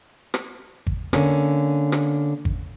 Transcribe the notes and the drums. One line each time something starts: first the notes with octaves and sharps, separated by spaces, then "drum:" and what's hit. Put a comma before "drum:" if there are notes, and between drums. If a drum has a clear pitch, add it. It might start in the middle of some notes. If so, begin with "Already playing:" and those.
drum: rim click
drum: kick G#1
D3 A#3 C#4, drum: rim click
drum: rim click
drum: kick G#1